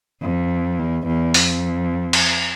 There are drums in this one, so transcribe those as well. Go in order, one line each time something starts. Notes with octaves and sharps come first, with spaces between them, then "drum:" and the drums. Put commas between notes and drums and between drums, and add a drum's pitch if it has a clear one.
F2
E2
E2
F2, drum: open hi-hat
drum: cymbal